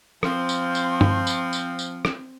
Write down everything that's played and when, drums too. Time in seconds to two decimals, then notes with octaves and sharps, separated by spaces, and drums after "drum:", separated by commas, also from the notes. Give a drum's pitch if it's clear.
0.23 F3 C4 C6, drum: rim click
0.49 drum: tambourine
0.75 drum: tambourine
1.01 drum: tom G2
1.27 drum: tambourine
1.53 drum: tambourine
1.79 drum: tambourine
2.05 drum: rim click